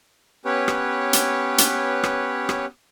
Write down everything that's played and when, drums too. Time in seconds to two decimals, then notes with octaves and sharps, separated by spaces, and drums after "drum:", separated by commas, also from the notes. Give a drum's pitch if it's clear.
0.45 B3 C#4 G4 B4 C#5
0.68 drum: rim click
1.13 drum: hi-hat
1.58 drum: hi-hat
2.04 drum: rim click
2.49 drum: rim click